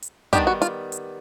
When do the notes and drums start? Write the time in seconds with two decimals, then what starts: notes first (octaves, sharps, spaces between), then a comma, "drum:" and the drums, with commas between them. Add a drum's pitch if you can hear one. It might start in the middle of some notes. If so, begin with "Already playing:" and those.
0.02 drum: hi-hat
0.33 D#3 G3 B3 D4 G4, drum: kick, hi-hat
0.47 F#4
0.62 F4, drum: hi-hat
0.92 drum: hi-hat